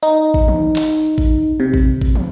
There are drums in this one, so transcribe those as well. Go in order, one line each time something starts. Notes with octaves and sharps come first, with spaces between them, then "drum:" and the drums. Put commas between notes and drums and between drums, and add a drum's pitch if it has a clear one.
D#4
drum: kick G#1
drum: tom
drum: clap
drum: kick G#1
C3
drum: kick G#1
drum: kick G#1
drum: tom